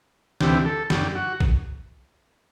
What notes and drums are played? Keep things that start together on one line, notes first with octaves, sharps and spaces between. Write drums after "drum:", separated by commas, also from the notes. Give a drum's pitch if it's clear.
D2 C3 E3 G4, drum: snare
A4
F#2 D3 G4, drum: snare
F#4
drum: kick A1